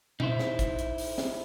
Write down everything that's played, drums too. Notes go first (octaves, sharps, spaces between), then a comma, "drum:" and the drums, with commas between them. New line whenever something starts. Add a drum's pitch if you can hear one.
D#4 E4 C5, drum: tom A#2
drum: snare
drum: kick, hi-hat
drum: hi-hat
drum: open hi-hat
drum: snare